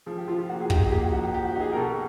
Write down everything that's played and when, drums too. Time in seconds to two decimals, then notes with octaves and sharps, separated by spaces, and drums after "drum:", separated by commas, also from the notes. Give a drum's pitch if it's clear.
0.06 F3 G#4
0.17 G4
0.28 F3 F4
0.39 F4
0.49 A#3 F#4
0.60 G#4
0.70 D#4 G4, drum: kick
0.87 G#4
0.91 A#3 G4
1.02 F#4
1.13 F3 F#4
1.23 G4
1.34 F3 G4
1.45 F#4
1.56 D#4 G#4
1.66 G4
1.73 A#4
1.76 B2 A4